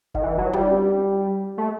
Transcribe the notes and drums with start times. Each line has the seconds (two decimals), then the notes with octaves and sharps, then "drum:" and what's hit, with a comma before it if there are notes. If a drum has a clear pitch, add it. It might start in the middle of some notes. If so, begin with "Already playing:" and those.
0.14 D#3, drum: kick F1
0.23 E3
0.38 F#3
0.53 G3, drum: tom
1.58 A3